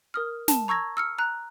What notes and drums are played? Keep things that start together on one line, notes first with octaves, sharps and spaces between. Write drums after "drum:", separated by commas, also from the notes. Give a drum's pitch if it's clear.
A#4 D#6 F6
A5, drum: snare
A#5 C#6 E6 G#6 A#6
E6 F6 C#7
A#5 F#6